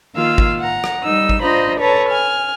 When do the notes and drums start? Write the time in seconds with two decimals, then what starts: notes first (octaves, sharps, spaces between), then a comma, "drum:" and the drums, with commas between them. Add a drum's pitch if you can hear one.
0.15 D#3 A#3 F4 F5 E6
0.38 drum: kick
0.60 F#5 A#5
0.84 drum: rim click
1.04 G3 D#4 E6
1.29 drum: kick
1.43 D4 F4 C5 D#5 A#5 B5
1.80 A4 B4 C#5 A5 A#5
2.10 G#5 F6